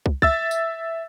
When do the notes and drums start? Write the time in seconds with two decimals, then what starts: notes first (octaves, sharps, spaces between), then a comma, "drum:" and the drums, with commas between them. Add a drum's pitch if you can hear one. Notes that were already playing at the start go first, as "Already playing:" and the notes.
0.06 drum: kick
0.22 E5 E6 A6, drum: kick
0.51 drum: tambourine